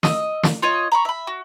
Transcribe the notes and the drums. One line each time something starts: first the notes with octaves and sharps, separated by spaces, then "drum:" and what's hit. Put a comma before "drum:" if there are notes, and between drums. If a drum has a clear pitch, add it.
D#5 E6, drum: snare
drum: snare
F4 C#5 D#5
A#5 B5 C#6
E5 B5
F#4